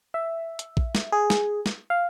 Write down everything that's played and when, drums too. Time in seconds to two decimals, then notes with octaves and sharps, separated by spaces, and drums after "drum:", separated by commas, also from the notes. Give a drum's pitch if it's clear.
0.14 E5
0.59 drum: hi-hat
0.77 drum: kick A#1
0.95 drum: snare
1.12 G#4
1.30 drum: snare
1.66 drum: snare
1.90 F5